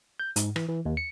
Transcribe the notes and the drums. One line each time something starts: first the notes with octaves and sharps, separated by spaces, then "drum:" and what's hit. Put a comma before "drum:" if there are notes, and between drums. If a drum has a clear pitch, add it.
G6
G#2, drum: hi-hat
E3, drum: rim click
E3
D#2
C#7